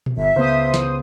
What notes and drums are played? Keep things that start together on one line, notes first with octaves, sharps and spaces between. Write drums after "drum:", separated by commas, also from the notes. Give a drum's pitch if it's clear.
drum: tom A#2
G1 E5
C#2 B3 C5 D#6
drum: snare